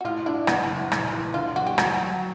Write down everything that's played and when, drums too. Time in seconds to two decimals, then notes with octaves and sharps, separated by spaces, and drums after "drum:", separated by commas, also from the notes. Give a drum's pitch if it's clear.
0.01 F#4
0.04 A2 F4
0.26 D4 E4
0.47 F#1 B3, drum: rim click
0.70 F#1
0.92 A#1, drum: rim click
1.13 E3
1.34 D3 F4
1.56 F#1 F#4
1.67 G4
1.78 F#3 F#4, drum: rim click
2.00 F#3